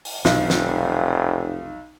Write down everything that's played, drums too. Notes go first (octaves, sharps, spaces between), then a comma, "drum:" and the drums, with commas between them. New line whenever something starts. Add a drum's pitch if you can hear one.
drum: open hi-hat
F1 B1, drum: snare
drum: snare